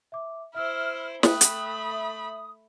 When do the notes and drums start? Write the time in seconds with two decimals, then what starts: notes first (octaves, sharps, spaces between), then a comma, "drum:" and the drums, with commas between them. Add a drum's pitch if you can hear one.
0.12 E5 D6
0.55 E4 C5 E5 E6 F6
1.23 A3 G5 B5 D#6 F#6, drum: snare
1.41 drum: hi-hat
1.91 E5